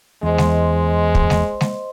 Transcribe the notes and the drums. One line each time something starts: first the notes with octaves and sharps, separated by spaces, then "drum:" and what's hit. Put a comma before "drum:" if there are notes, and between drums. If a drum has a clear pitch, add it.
E2 G#3 C5 D#5 C6
drum: snare G#3
drum: kick
drum: snare G#3
drum: snare G#3